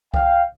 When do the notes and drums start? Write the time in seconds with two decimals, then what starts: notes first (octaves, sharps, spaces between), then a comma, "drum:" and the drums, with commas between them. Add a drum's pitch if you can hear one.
0.14 F5 G5, drum: kick C2